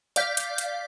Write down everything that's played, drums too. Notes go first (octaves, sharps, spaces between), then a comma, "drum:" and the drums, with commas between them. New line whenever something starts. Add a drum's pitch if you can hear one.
D5 F5 G6 B6, drum: hi-hat
drum: hi-hat
drum: hi-hat